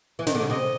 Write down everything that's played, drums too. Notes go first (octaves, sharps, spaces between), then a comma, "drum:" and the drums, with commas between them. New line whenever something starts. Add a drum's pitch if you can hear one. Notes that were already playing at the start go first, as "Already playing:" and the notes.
E3
D#3, drum: snare
D3
C#3
C3 D#5